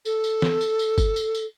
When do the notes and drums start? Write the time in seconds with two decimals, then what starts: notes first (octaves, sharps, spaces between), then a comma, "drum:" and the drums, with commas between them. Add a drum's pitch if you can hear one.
0.05 A4, drum: tambourine
0.24 drum: tambourine
0.42 drum: snare
0.61 drum: tambourine
0.79 drum: tambourine
0.98 drum: kick G1, tambourine
1.16 drum: tambourine
1.35 drum: tambourine